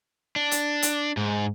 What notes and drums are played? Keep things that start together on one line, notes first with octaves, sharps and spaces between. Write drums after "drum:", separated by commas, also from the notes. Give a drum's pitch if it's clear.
D4
drum: hi-hat
drum: hi-hat
G#2